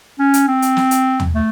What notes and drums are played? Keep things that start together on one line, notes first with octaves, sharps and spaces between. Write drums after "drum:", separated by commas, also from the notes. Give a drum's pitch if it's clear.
C#4
drum: hi-hat
C4
drum: hi-hat
drum: snare
drum: hi-hat
drum: tom
A3